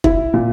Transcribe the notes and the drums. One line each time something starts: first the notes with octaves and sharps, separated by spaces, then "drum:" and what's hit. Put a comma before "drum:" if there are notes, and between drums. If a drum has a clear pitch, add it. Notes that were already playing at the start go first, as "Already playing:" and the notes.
E4, drum: kick
A#2